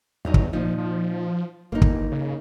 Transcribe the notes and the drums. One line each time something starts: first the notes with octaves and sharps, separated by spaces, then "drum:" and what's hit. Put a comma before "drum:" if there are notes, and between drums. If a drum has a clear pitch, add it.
E2 G2 F#3 D#4
drum: kick
A#2 F3 D#4
F3
G1 A#3 D#4
drum: kick
C#3